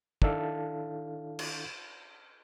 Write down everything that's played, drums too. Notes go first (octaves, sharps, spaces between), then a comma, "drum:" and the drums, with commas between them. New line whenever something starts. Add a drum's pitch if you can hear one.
D#3 D4 E4 A4 F5 A5, drum: kick
drum: cymbal